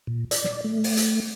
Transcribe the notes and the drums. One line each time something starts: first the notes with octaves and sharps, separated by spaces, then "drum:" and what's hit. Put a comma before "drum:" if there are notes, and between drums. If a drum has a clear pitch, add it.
A#2
D5, drum: hi-hat
drum: snare
A3
drum: open hi-hat
drum: hi-hat